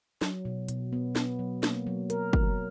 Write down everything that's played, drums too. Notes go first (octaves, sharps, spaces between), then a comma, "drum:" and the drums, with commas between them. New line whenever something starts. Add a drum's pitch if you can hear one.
F#3, drum: snare
B2
B2, drum: hi-hat
B3
B3, drum: snare
F#3
A#3, drum: snare
F#3
A#4, drum: hi-hat
F#3, drum: kick